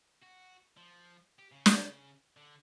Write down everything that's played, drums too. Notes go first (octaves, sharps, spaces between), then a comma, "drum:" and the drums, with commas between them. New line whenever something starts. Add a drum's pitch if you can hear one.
F#4
F3
G4
C#3
drum: snare
D3